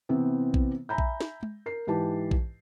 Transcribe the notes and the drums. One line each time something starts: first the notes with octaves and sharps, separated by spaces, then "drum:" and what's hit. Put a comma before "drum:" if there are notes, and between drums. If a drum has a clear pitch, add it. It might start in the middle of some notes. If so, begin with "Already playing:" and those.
C3 E3 B3 C4
drum: kick A#1
E5 G#5 A#5 B5 G6
drum: kick A#1
drum: snare
drum: tom G#3
A#4 C7
G#2 E3 G4 B4 A5
drum: kick A#1